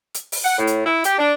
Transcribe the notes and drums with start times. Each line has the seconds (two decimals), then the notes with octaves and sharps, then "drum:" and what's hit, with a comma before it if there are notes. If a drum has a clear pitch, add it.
0.14 drum: hi-hat
0.32 drum: open hi-hat
0.44 F#5
0.58 A2
0.67 drum: hi-hat
0.85 E4
1.04 G4, drum: hi-hat
1.17 D4